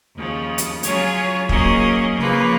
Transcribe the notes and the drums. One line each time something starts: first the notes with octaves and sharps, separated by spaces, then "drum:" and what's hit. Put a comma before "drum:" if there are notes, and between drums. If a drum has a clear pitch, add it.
D#2 C#3 F3
drum: hi-hat
F#3 C#4 F4 G#4 C#5, drum: hi-hat
F#3 A#3 C#4 G#4 D#5, drum: kick
C#3 F3 A#3 F4 B4